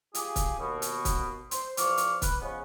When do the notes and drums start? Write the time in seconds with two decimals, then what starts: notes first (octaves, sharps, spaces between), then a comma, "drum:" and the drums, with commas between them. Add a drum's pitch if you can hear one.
0.15 F4 G4 G#4, drum: hi-hat
0.36 drum: kick C#1, hi-hat
0.58 D#2 B2
0.82 drum: hi-hat
1.05 drum: kick C#1, hi-hat
1.51 C5, drum: hi-hat
1.77 E2 F3 C5 D5 C#6 F6, drum: hi-hat
1.97 drum: hi-hat
2.22 B4, drum: kick C#1, hi-hat
2.41 C#3 F3 G#3 B3 C#4